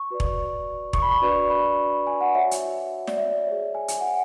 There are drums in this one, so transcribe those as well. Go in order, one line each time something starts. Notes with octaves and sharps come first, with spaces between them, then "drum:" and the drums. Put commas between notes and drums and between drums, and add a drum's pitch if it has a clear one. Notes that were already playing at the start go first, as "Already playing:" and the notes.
Already playing: C#6
F#4 B4 D5
drum: kick E1
C#6, drum: kick E1
B5
C#6
D4 F#4 B4 D5
B5
G#5
F#5
F#4 C#5 E5
drum: hi-hat
D5, drum: snare
E5
G#4 C#5
G#5
G#5, drum: hi-hat
F#5